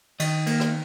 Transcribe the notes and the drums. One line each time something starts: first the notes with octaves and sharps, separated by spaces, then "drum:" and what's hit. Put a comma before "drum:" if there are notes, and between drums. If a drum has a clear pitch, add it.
D#3 D#5, drum: cymbal
A#3, drum: cymbal
drum: rim click